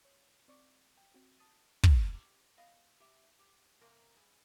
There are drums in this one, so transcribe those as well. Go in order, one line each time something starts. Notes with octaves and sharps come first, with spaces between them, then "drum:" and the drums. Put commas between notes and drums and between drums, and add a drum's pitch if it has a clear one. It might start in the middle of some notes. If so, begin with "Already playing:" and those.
C#5
C4 D5 C#6 D6
G5
C4 F#4
A5 D#6 A6 D#7
drum: kick
C#4 G4
B3 D#5 F5
G4 E5
G4
C3 A#3 A#4
G2 G#4